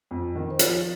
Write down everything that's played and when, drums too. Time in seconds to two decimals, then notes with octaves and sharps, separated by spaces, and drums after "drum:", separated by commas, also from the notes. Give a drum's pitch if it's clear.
0.11 F2
0.35 D#3
0.50 C5
0.59 F3 C#5, drum: hi-hat